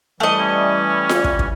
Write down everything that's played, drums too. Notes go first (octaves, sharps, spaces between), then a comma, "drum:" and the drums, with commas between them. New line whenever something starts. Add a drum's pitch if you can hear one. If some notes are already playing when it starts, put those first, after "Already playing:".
E3 G3 A3 D#5
C#4
drum: snare F4
drum: kick
drum: kick